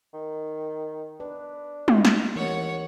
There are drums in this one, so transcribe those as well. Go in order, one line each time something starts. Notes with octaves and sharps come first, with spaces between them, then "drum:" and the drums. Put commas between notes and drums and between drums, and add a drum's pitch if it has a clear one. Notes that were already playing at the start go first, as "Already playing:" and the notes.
D#3
D4 B4
drum: tom
drum: snare
D#2 E3 C#5 F#5